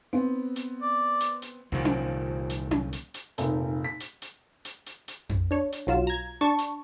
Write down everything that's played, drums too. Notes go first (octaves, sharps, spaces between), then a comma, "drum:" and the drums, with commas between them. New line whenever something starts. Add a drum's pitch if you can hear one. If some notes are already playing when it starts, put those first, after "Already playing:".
B3 C4
drum: hi-hat
D5
drum: hi-hat
drum: hi-hat
C2 A#2 D#3 F3
drum: tom C#4
drum: hi-hat
drum: tom C#4
drum: hi-hat
drum: hi-hat
F1 A#2 D#4, drum: hi-hat
B6
drum: hi-hat
drum: hi-hat
drum: hi-hat
drum: hi-hat
drum: hi-hat
drum: tom F2
D4 C#5
drum: hi-hat
B1 F#3 F4 E7
A#5 G#6
D4 A5 C#6
drum: hi-hat